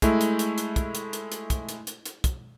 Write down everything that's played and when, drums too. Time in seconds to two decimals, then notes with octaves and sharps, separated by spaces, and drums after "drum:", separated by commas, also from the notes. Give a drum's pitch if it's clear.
0.02 G#3 A3 E4, drum: kick, hi-hat
0.21 drum: hi-hat
0.39 drum: hi-hat
0.58 drum: hi-hat
0.76 drum: kick, hi-hat
0.95 drum: hi-hat
1.13 drum: hi-hat
1.32 drum: hi-hat
1.50 drum: kick, hi-hat
1.69 drum: hi-hat
1.87 drum: hi-hat
2.06 drum: hi-hat
2.24 drum: kick, hi-hat